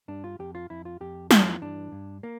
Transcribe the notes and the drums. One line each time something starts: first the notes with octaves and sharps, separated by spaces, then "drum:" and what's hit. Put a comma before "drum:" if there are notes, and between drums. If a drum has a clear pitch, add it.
G2 D4
F4
F2 G4
F4
F2 E4
F4
F2 G4
E3 F4, drum: snare
G2 D4
G2
A#3